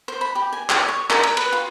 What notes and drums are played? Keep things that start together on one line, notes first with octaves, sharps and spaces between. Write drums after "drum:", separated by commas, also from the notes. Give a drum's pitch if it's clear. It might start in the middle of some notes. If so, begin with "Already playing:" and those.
C5
B5
G4
G#5
G4, drum: clap
C#5
A#4, drum: clap
A#4, drum: cymbal
B4, drum: cymbal
F4